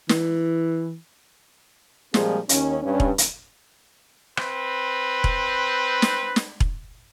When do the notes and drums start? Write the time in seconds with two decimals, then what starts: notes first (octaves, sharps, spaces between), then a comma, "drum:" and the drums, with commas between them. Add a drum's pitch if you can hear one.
0.09 E3, drum: snare
2.14 A#2 F3 G3 G#3 C4 G#4, drum: snare
2.49 D#2 C#4, drum: hi-hat
2.83 G2 C#4
3.00 drum: kick E1
3.18 drum: hi-hat
4.37 C4 B4, drum: rim click
5.24 drum: kick E1
6.02 drum: snare
6.36 drum: snare
6.60 drum: kick E1